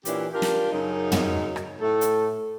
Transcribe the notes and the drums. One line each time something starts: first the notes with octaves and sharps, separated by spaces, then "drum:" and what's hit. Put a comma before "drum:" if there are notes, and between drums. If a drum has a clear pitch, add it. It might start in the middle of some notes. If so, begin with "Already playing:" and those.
A#2 E3 C#4 D4 E4 G4, drum: hi-hat
D4 F4 G4 A#4
drum: snare
F#2 C#3 D#4
drum: tom
drum: rim click
A2 A3 A4
drum: hi-hat